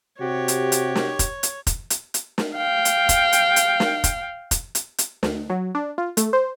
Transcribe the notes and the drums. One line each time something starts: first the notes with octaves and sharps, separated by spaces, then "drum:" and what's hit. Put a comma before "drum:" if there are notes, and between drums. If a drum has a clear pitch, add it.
C3 F#4 G4 C#5
drum: hi-hat
drum: hi-hat
drum: snare
drum: kick F1, hi-hat
drum: hi-hat
drum: kick F1, hi-hat
drum: hi-hat
drum: hi-hat
drum: snare
F5 G5
drum: hi-hat
drum: kick F1, hi-hat
drum: hi-hat
drum: hi-hat
drum: snare
drum: kick F1, hi-hat
drum: kick F1, hi-hat
drum: hi-hat
drum: hi-hat
D2, drum: snare
F#3
D4
F4
A3, drum: hi-hat
C5